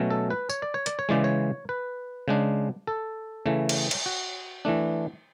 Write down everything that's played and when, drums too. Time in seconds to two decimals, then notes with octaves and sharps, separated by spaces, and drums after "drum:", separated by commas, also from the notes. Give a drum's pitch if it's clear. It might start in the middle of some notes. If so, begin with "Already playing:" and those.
Already playing: B2 F#3 A3 C#4
0.10 A4
0.30 B4
0.50 C#5, drum: tambourine
0.62 D5
0.74 C#5
0.86 D5, drum: hi-hat
0.99 C#5
1.09 C#3 E3 G#3 D5
1.24 C#5
1.69 B4
2.28 C#3 G#3 D4
2.87 A4
3.46 C#3 E3 A3
3.69 drum: cymbal
3.91 drum: cymbal
4.06 F#4
4.65 E3 A3 D4